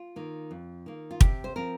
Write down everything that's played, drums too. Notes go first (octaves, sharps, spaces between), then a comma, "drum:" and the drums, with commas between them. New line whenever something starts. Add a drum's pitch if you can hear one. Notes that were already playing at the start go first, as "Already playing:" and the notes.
Already playing: F4
D#3 A#3
F2
D#3 A#3
F4
C3 G4, drum: kick
C5
F3 C4 A#4